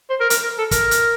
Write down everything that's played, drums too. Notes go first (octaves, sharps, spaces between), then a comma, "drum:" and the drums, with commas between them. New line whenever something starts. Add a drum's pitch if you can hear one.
C5
A#4
A#4, drum: hi-hat
A#4
A4
A#4, drum: kick, hi-hat
drum: hi-hat